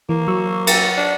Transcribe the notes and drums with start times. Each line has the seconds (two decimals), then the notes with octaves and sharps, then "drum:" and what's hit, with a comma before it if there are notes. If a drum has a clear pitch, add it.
0.09 E3 A#3
0.28 F#3 C#6 E6
0.67 drum: cymbal
0.97 D4